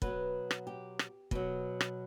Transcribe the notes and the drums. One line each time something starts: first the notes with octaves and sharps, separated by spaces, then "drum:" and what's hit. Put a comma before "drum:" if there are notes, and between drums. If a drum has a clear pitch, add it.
B2 F#3 B4, drum: kick
drum: rim click
G4
drum: rim click
B2 F#3, drum: kick
drum: rim click